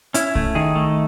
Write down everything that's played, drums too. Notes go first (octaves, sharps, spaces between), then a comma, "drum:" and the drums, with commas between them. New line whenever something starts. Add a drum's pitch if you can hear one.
C#4 E4, drum: hi-hat
A3, drum: kick C2
D#3 G#4
A3